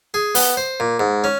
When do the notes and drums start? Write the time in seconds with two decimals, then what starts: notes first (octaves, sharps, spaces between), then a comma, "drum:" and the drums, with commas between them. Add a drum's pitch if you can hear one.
0.14 G#4
0.35 B3, drum: open hi-hat
0.57 C5
0.80 A#2
1.00 G#2
1.24 C#4